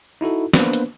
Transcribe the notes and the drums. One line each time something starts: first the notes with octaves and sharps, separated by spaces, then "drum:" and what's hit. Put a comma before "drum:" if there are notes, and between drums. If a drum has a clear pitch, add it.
D#4 E4 F#4 A4
A#3 B3 D4 B4 C5, drum: snare
drum: hi-hat